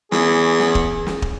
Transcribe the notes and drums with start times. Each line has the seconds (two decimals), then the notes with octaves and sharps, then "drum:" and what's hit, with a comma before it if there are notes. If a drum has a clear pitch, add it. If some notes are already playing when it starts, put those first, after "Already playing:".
0.12 E2 G#4, drum: snare
0.59 drum: snare
0.75 drum: kick
1.07 drum: snare
1.22 drum: kick